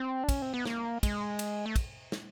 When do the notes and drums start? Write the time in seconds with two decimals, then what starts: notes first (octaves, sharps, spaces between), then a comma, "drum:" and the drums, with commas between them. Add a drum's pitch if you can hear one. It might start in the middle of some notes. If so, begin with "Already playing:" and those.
Already playing: C4
0.24 D4
0.29 C#4, drum: kick, cymbal
0.42 C4
0.54 B3
0.65 A#3, drum: snare
1.03 G#3, drum: kick, cymbal
1.39 drum: cymbal
1.66 A3
1.76 drum: kick, cymbal
2.12 drum: snare